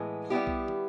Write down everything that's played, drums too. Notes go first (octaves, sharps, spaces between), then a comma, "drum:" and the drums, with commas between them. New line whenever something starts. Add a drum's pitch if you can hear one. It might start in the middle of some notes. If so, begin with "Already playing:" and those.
Already playing: A2 E3 G#3 B3
G3 B3 E4 G4
drum: kick B1
drum: tom